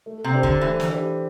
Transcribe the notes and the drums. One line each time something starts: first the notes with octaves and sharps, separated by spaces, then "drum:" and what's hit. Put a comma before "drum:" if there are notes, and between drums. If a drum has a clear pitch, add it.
A3
C3
D4 G4 C5
D3, drum: kick
E3 A3
drum: snare
D4 G4 C5